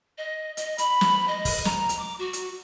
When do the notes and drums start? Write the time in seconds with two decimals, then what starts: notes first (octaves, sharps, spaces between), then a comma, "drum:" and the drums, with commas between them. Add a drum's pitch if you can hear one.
0.18 D#5
0.57 D#5, drum: hi-hat
0.78 B5, drum: hi-hat
1.01 drum: snare
1.28 D#5
1.45 drum: kick, open hi-hat
1.65 A#5, drum: snare
1.89 drum: hi-hat
1.99 D6
2.18 F#4
2.33 drum: hi-hat